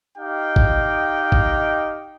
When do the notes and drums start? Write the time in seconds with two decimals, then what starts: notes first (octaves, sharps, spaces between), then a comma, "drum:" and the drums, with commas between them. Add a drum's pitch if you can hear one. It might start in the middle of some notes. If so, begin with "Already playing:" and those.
0.18 D#4 G4 D#5 F5 G5
0.56 drum: kick
1.32 drum: kick